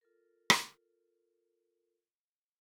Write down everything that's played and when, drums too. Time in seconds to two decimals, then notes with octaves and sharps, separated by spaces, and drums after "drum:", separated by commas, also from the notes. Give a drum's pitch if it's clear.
0.01 F4 A4 A#4
0.50 drum: rim click